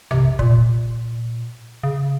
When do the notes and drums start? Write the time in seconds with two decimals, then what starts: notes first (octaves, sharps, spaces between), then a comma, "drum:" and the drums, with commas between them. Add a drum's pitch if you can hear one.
0.11 C3, drum: tom
0.39 A#2, drum: kick
1.83 C#3